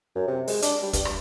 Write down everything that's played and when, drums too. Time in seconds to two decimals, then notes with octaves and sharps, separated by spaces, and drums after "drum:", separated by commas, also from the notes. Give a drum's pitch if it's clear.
0.15 F#2
0.28 C3
0.47 G#3, drum: open hi-hat
0.62 D4, drum: hi-hat
0.82 G3
0.93 G2, drum: kick, hi-hat
1.05 drum: rim click